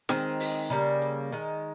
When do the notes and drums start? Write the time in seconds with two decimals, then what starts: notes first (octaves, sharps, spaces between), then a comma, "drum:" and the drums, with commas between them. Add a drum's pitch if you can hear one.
0.09 D#3 G#3 C4, drum: snare
0.40 drum: open hi-hat
0.70 C#3 G3 A#3 D#4, drum: hi-hat
1.02 drum: hi-hat
1.32 D#3 G#3, drum: hi-hat